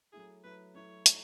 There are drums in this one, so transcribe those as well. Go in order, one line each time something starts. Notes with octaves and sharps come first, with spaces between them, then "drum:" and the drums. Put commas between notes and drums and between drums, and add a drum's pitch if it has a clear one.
F#3 A3 E4 G#4
F#3 A3 E4 B4
F#3 A3 E4 C#5
F#3 A3, drum: hi-hat